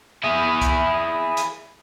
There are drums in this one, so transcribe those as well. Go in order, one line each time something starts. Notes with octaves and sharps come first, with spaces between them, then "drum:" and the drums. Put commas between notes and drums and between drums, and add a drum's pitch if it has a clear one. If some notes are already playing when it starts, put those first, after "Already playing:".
E4 G#4
drum: kick C2, hi-hat
drum: hi-hat